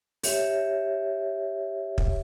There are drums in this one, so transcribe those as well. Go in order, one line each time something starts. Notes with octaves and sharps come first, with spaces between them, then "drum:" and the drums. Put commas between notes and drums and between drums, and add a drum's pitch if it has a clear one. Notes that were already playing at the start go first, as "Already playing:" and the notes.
G4 C#5 E5, drum: open hi-hat
drum: kick